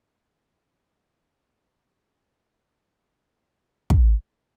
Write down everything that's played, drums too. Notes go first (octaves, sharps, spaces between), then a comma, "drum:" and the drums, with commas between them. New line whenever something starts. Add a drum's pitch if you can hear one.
G6 C7 D7 E7 F7
A3 C5
drum: kick